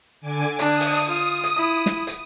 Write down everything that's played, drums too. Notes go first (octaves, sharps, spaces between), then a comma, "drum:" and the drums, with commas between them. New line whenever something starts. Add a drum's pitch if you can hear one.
D3 G#5 D6
D4 D#6, drum: hi-hat
drum: open hi-hat
F4
drum: hi-hat
E4
drum: snare
drum: hi-hat